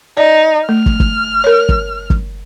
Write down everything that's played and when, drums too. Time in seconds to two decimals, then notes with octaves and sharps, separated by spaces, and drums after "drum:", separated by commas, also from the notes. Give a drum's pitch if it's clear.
0.17 D#4 D5
0.69 A3 F6
0.86 drum: kick
1.00 drum: kick
1.44 A#4 C#5
1.69 drum: kick
2.10 drum: kick